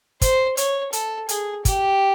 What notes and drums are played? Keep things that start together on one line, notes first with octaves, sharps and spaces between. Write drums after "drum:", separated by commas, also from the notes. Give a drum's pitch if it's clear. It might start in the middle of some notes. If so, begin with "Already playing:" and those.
C5, drum: kick, hi-hat
C#5, drum: hi-hat
A4, drum: hi-hat
G#4, drum: hi-hat
G4, drum: kick, hi-hat